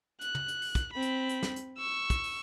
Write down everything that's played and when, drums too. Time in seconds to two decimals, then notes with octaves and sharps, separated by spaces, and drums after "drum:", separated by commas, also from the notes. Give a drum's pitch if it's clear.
0.21 F#6, drum: hi-hat
0.35 drum: tom
0.48 drum: hi-hat
0.62 drum: open hi-hat
0.75 drum: kick, hi-hat
0.93 C4 B5
1.02 drum: hi-hat
1.29 drum: hi-hat
1.43 drum: snare
1.56 drum: hi-hat
1.78 C#6 E6
2.10 drum: kick, hi-hat
2.24 drum: open hi-hat